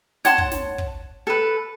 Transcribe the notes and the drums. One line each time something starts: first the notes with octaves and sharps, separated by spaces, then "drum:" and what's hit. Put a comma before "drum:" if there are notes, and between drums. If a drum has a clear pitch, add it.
C#5 F#5 A5 C6, drum: snare
drum: kick
drum: snare
drum: kick
A4 B4